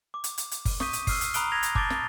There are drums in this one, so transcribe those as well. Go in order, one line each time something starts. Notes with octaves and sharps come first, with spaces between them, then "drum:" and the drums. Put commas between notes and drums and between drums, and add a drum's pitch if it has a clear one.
D6
drum: hi-hat
drum: hi-hat
drum: hi-hat
drum: kick G1, open hi-hat
C#6 D#6 G6 B6 D#7, drum: snare
drum: hi-hat
E6 F6 C7, drum: kick G1, open hi-hat
drum: hi-hat
A#5 B5 D#6 F#6 D7 G7, drum: hi-hat
G#6 A#6 B6 F7
drum: hi-hat
A5 D6 G6 A6 D7 G7, drum: kick G1
drum: snare